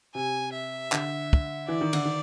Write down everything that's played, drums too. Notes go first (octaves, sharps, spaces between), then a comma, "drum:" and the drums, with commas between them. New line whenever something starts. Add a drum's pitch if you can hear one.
C3 G#5
E5
D3, drum: clap
drum: kick
E3 D5
D#3
D3, drum: cymbal
D#3